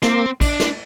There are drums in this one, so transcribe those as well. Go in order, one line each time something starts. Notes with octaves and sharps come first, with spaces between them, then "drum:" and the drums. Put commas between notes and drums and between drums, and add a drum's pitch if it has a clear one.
A#3 C4, drum: snare
D4, drum: kick, cymbal
drum: snare